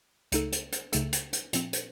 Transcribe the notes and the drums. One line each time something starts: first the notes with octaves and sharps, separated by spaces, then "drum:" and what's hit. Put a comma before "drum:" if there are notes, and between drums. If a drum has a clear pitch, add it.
C#2 C#3 A3 D#4 A4, drum: hi-hat
drum: hi-hat
drum: hi-hat
C#2 C#3 A3 D#4 A4, drum: hi-hat
drum: hi-hat
drum: hi-hat
A#2 F3 C4, drum: hi-hat
drum: hi-hat